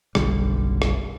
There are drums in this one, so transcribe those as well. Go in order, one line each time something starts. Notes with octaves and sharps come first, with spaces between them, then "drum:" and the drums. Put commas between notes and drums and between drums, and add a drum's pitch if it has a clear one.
F#1 B1 D3 G3, drum: rim click
drum: rim click